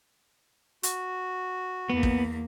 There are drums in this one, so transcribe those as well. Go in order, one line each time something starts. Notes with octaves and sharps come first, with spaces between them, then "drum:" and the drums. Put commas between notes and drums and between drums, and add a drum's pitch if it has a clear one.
F#4, drum: hi-hat
E2 A#3 B3
drum: kick